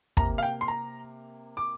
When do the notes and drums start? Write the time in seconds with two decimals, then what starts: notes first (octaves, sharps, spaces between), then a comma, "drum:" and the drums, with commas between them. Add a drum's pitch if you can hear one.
0.17 C3 A#3 A#5, drum: kick
0.38 F5
0.43 G5
0.61 C6
0.68 A#5
1.57 D6